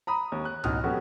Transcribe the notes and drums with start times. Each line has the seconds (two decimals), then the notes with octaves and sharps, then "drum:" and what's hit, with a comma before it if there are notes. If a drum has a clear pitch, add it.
0.07 A#5 B5 D#6
0.32 D#2
0.45 F#6
0.64 A1 B2 D#4 D#6 F6, drum: tom C#2
0.84 F#3 A3 B3 C#4 F#4 G4